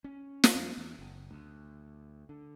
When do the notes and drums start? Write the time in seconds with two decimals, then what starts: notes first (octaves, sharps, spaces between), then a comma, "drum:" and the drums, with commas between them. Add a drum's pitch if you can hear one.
0.04 C#4
0.44 drum: snare
0.55 F2
0.78 E2
0.99 F#1
1.31 D2
2.29 D3